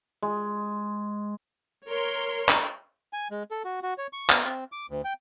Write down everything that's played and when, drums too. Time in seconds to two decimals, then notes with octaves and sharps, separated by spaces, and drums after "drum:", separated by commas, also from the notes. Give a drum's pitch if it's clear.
0.22 G#3
1.88 A#4 C#5 C6
2.49 drum: clap
3.13 G#5
3.31 G#3
3.51 A4
3.64 F#4
3.83 F#4
3.98 C#5
4.13 C#6
4.30 B3, drum: clap
4.45 C4
4.72 D6
4.90 D2
5.05 G5